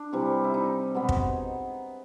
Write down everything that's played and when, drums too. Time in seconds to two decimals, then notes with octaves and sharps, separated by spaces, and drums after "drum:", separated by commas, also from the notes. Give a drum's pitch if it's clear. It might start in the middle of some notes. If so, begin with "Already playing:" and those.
Already playing: D4
0.13 C3 E3 G3
0.44 E4
0.54 D#4
0.95 B2 G#3 B3
1.09 drum: kick